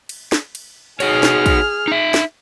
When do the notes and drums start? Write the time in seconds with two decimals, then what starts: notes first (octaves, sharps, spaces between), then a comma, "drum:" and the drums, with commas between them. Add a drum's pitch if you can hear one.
0.09 drum: cymbal
0.32 drum: snare
0.55 drum: cymbal
1.00 D#4 F#4 G#4 C#5 F6, drum: cymbal
1.23 drum: snare
1.46 drum: kick, cymbal
1.88 D#4 E5
2.14 drum: snare